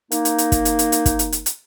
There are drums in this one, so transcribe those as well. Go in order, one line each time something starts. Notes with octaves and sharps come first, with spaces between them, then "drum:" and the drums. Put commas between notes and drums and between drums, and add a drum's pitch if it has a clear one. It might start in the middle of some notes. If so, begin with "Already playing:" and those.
A#3 D#4, drum: hi-hat
drum: hi-hat
drum: hi-hat
drum: kick, hi-hat
drum: hi-hat
drum: hi-hat
drum: hi-hat
drum: kick, hi-hat
drum: hi-hat
drum: hi-hat
drum: hi-hat